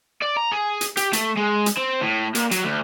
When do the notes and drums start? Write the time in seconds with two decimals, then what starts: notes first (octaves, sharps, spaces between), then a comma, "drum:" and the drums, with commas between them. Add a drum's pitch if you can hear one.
0.22 D5
0.37 A#5
0.52 G#4
0.81 drum: hi-hat
0.97 G4, drum: hi-hat
1.13 A3, drum: hi-hat
1.37 G#3
1.66 drum: hi-hat
1.78 C4
2.01 A2
2.35 A#2, drum: hi-hat
2.51 F#3, drum: hi-hat
2.64 D2